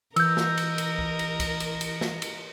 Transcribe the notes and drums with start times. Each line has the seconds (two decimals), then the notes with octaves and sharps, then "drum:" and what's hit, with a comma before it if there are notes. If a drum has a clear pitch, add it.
0.16 E3 A#4 D#5 E6 G6, drum: cymbal
0.37 drum: snare
0.57 drum: cymbal
0.78 drum: cymbal
0.99 drum: kick C2
1.19 drum: cymbal
1.40 drum: kick C2, cymbal
1.60 drum: cymbal
1.81 drum: cymbal
2.01 drum: snare
2.22 drum: cymbal